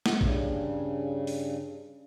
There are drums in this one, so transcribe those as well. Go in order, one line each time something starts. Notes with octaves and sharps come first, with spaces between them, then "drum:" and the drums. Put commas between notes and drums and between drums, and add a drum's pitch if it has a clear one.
drum: snare
G2 C#3, drum: kick G#1
drum: open hi-hat